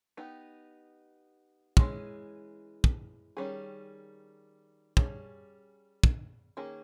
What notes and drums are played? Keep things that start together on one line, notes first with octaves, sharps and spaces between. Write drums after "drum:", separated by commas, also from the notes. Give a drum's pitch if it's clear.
B3 D#4 G4
E3 G#3 C#4, drum: kick
drum: kick
D#3 G3 C#4 G#4
G3 C#4 G#4, drum: kick
drum: kick
D#3 A#3 C#4 G#4